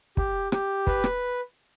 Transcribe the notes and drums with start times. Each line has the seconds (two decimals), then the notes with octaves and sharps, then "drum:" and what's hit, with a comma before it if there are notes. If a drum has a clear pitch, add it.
0.17 G4, drum: kick
0.52 G4, drum: rim click
0.87 B4, drum: kick
1.04 drum: rim click